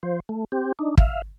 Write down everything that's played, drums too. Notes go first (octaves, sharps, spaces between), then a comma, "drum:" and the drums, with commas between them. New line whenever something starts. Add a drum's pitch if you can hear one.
F3 C5
A3
C4 G4
D4 D#4
E5 F5, drum: kick